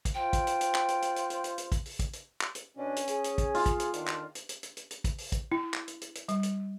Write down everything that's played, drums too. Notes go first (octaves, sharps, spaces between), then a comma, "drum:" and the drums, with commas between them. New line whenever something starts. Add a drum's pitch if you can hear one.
drum: kick, hi-hat
F4 C5 G5
drum: kick, hi-hat
drum: hi-hat
drum: hi-hat
drum: clap
drum: hi-hat
drum: hi-hat
drum: hi-hat
drum: hi-hat
drum: hi-hat
drum: hi-hat
drum: kick, hi-hat
drum: open hi-hat
drum: kick, hi-hat
drum: hi-hat
drum: clap
drum: hi-hat
B2 C#4 D4
drum: hi-hat
G#4, drum: hi-hat
drum: hi-hat
drum: kick, hi-hat
F4, drum: open hi-hat
drum: kick, hi-hat
drum: hi-hat
E2 D3 D#3 D4, drum: hi-hat
drum: clap
drum: hi-hat
drum: hi-hat
drum: hi-hat
drum: hi-hat
drum: hi-hat
drum: kick, hi-hat
drum: open hi-hat
drum: kick, hi-hat
E4
drum: clap
drum: hi-hat
drum: hi-hat
drum: hi-hat
G3, drum: hi-hat
drum: hi-hat